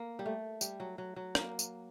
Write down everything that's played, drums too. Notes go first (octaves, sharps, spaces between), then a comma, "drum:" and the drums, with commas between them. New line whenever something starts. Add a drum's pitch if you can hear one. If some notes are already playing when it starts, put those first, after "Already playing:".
Already playing: A#3
G3
A3
G3, drum: tambourine
F#3
F#3
F#3
A#3, drum: rim click
drum: tambourine